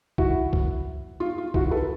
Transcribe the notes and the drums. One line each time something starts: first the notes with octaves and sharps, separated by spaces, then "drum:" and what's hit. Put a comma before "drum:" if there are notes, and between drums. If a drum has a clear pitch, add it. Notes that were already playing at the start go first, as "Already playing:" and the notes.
E4 F#4, drum: kick
drum: kick
F4
F4
E4 F#4, drum: kick
A4 B4